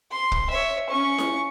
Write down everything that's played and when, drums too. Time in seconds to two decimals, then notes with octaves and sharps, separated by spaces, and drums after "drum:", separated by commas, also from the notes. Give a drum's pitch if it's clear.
0.12 C6
0.32 drum: kick
0.51 C#5 E5
0.89 C#4 C#6
1.18 drum: snare E4